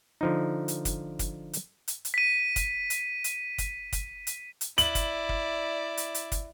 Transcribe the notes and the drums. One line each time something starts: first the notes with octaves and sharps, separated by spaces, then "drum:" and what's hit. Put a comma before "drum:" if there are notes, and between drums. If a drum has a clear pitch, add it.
D3 F3 D#4
drum: hi-hat
drum: kick, hi-hat
drum: kick, hi-hat
drum: hi-hat
drum: hi-hat
drum: hi-hat
B6 D#7
drum: kick, hi-hat
drum: hi-hat
drum: hi-hat
drum: kick, hi-hat
drum: kick, hi-hat
drum: hi-hat
drum: hi-hat
E4 D5 F#7, drum: hi-hat
drum: kick, hi-hat
drum: kick
drum: hi-hat
drum: hi-hat
drum: kick, hi-hat